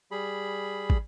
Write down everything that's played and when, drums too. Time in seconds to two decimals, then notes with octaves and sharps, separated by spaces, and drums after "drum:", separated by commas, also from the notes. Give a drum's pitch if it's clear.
0.11 G3 G#4 B5
0.90 drum: kick